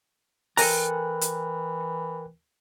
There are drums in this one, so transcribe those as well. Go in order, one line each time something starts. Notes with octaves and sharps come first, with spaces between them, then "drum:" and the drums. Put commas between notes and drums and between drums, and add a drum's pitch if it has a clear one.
E3 A4 A#4 G5 G#5 A#5 F#6, drum: open hi-hat
drum: hi-hat